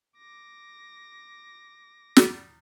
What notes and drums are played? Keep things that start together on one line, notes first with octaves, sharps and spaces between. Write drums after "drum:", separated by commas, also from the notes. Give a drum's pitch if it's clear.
D6 A#6
drum: snare